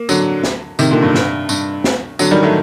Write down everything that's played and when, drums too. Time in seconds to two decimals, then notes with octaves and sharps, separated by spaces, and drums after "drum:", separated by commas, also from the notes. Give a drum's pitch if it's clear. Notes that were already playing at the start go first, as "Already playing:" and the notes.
Already playing: A#3
0.09 D3 F#3, drum: tambourine
0.43 drum: snare
0.79 C3 D#3, drum: tambourine
0.91 A#2 D3
1.03 G2
1.14 G2, drum: snare
1.49 G2, drum: tambourine
1.84 drum: snare
2.19 D3 F#3, drum: tambourine
2.31 D#3 G3
2.43 F#3 A3